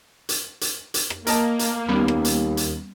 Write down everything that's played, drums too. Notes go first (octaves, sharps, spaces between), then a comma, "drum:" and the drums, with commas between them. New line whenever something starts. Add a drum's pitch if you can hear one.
drum: hi-hat
drum: hi-hat
drum: hi-hat
drum: rim click
A#3 A#4 D#5 A5, drum: hi-hat
drum: hi-hat
D#2 G3 B3 C#4 B5
drum: rim click
drum: hi-hat
drum: hi-hat